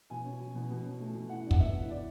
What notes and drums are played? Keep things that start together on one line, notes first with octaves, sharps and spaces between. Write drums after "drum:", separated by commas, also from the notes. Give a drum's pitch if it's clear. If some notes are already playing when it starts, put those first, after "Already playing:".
B2 G#5
C#4
F#3
B2
B2
C#4
A3
B2
E3 F#5
D4
F#5, drum: kick
B3 E5
E3
E3 D5